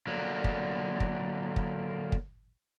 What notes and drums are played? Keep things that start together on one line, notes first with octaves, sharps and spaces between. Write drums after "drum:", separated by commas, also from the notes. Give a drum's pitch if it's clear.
D3 F#3 A#3
drum: kick
drum: kick
drum: kick
drum: kick